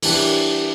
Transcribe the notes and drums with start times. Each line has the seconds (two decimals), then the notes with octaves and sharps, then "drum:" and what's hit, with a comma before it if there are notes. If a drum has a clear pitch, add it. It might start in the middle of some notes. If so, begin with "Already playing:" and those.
0.02 E3 G3 D4 G4, drum: open hi-hat